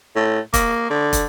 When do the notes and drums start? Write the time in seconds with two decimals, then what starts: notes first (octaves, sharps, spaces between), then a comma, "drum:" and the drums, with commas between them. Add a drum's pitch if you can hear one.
0.16 A2
0.54 A#3, drum: kick, hi-hat
0.90 D3
1.13 drum: kick, hi-hat